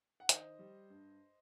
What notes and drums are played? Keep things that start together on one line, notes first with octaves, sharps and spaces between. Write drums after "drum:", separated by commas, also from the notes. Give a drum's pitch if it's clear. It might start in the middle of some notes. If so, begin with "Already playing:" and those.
F#5
D#3 C5 D#5, drum: hi-hat
G3
G2